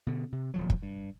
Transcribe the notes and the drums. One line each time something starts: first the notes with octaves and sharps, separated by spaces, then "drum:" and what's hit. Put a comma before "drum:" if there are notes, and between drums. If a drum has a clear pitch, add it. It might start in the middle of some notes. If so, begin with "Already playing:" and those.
B2 D3
C3
D#1 F3 F#3
drum: kick
G2